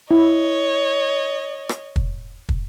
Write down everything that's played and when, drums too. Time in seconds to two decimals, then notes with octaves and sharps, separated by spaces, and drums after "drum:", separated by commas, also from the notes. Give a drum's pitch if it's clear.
0.11 E4 C#5 D#5
1.69 drum: rim click
1.96 drum: kick
2.49 drum: kick